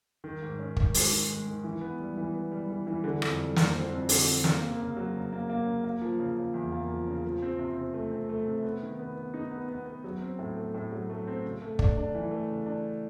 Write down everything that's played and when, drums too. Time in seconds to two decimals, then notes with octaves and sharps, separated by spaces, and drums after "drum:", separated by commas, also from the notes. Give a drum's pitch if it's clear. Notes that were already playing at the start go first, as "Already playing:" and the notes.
0.24 D#3
0.43 G#2
0.59 C#4
0.77 D#3, drum: kick
0.94 G#3, drum: open hi-hat
1.12 D#3
1.30 G#3
1.47 D#3
1.64 E3
1.81 B3
2.00 G3
2.17 E3
2.34 B3
2.51 G3
2.69 E3
2.87 E3
3.04 D3
3.22 F2, drum: rim click
3.39 G3
3.56 F2, drum: snare
3.74 C4
3.92 F2
4.09 D3, drum: open hi-hat
4.26 C4
4.44 C#3, drum: snare
4.62 A#3
4.80 C#3
4.97 F#3
5.15 C#3
5.32 A#3
5.50 A#3
5.66 C#3
5.84 A#3
6.02 F3
6.19 C#3
6.37 C#3
6.54 E2
6.72 A#3
6.90 F3
7.07 C#3
7.24 F3
7.42 C4
7.59 C3
7.77 C4
7.94 A3
8.12 C4
8.29 A3
8.47 C3
8.64 B3
8.82 D#3
8.99 B3
9.16 B3
9.34 D#4
9.51 B3
9.69 B3
9.86 B3
10.04 F#3
10.22 C4
10.39 A2
10.57 A3
10.74 A2
10.91 F#3
11.10 A3
11.27 C4
11.44 C#3
11.62 A3
11.79 D4, drum: kick
11.97 D4
12.15 E3
12.31 A3
12.49 C#3
12.66 D4